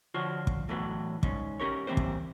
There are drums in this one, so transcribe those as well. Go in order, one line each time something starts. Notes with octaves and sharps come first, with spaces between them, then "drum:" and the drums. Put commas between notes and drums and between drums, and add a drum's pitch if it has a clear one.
D3 F3 F4 F#4 C#5
drum: kick
A2 E3 F#3 B3
G#2 C#4, drum: kick
C#4 G4 A#4 C#5
E3 A#3 C4 G4 C5
drum: kick